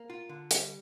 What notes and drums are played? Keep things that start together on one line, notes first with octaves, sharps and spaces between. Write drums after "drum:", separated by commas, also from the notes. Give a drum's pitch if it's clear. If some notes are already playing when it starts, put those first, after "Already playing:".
Already playing: A#3
F4
D3
G3, drum: hi-hat